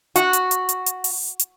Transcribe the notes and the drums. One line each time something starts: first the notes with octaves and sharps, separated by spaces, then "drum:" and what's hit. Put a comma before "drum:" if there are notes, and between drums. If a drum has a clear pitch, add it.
F#4, drum: hi-hat
drum: hi-hat
drum: hi-hat
drum: hi-hat
drum: hi-hat
drum: open hi-hat
drum: hi-hat